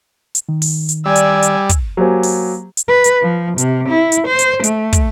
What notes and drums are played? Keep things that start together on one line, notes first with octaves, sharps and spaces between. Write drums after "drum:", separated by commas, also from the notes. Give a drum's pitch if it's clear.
drum: hi-hat
D#3
drum: open hi-hat
drum: hi-hat
G3 D5 G#5 E6
drum: hi-hat
drum: hi-hat
drum: kick, hi-hat
F#3 A#3 G4 C5 G#5
drum: open hi-hat
drum: hi-hat
B4
drum: hi-hat
F3
C3, drum: hi-hat
E4
drum: hi-hat
C5
drum: hi-hat
A3, drum: hi-hat
drum: kick, hi-hat